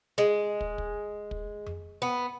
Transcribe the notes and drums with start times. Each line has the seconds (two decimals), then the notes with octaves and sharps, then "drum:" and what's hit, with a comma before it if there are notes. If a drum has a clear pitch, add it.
0.18 G#3
0.61 drum: kick
0.78 drum: kick
1.31 drum: kick
1.66 drum: tom F2
2.02 B3